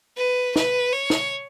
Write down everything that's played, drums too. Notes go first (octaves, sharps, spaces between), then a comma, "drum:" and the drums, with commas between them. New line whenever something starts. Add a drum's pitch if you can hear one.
B4
B4, drum: snare
C#5
drum: snare